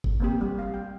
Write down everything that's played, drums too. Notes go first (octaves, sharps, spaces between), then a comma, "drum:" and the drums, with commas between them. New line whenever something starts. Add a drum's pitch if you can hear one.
drum: kick
A#3 C4 G4
G3
G3 F5
G5